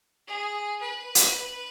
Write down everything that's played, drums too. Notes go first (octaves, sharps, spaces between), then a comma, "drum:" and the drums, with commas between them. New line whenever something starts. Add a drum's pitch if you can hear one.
G#4
B4
drum: hi-hat